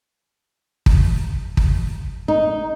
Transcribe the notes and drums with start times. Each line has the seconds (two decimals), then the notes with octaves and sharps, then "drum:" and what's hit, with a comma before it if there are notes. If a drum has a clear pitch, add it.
0.86 drum: kick
1.57 drum: kick
2.28 D#4